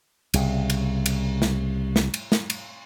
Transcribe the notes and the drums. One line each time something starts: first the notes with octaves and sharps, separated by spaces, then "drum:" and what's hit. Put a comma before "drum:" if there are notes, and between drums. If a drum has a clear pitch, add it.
C2 C#3, drum: cymbal
drum: cymbal
drum: cymbal
drum: snare
drum: snare
drum: cymbal
drum: snare
drum: cymbal